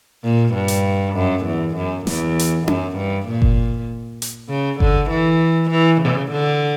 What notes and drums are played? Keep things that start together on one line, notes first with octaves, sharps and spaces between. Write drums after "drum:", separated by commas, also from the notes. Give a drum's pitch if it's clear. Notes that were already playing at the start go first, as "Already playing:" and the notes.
A#2
G2
drum: hi-hat
F#2
E2
F#2
E2, drum: snare
drum: hi-hat
F#2, drum: tom C#4
G2
A#2
drum: kick G1
drum: hi-hat
C#3
D3, drum: kick G1
E3
E3
C#3
D3